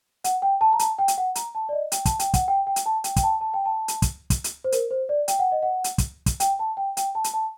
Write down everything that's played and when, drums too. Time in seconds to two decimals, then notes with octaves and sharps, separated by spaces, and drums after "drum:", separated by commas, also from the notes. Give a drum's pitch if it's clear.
0.24 F#5, drum: hi-hat
0.42 G5
0.61 A5
0.73 A#5
0.79 A5, drum: hi-hat
0.99 G5
1.08 drum: hi-hat
1.18 F#5
1.35 A#5, drum: hi-hat
1.55 A5
1.69 D5
1.73 D#5
1.92 G5, drum: hi-hat
2.05 A5, drum: kick, hi-hat
2.19 G5, drum: hi-hat
2.34 F#5, drum: kick, hi-hat
2.48 G5
2.67 G5
2.76 drum: hi-hat
2.86 A5
3.04 G5, drum: hi-hat
3.16 G5, drum: kick, hi-hat
3.23 A5
3.41 A5
3.54 G5
3.65 A5
3.88 drum: hi-hat
4.02 drum: kick, hi-hat
4.30 drum: kick, hi-hat
4.44 drum: hi-hat
4.65 C5
4.72 A#4, drum: hi-hat
4.91 C5
5.09 D5
5.28 G5, drum: hi-hat
5.39 F#5
5.52 D#5
5.62 F#5
5.84 drum: hi-hat
5.98 drum: kick, hi-hat
6.26 drum: kick, hi-hat
6.40 G5, drum: hi-hat
6.59 A5
6.77 G5
6.97 G5, drum: hi-hat
7.15 A5
7.24 drum: hi-hat
7.34 A5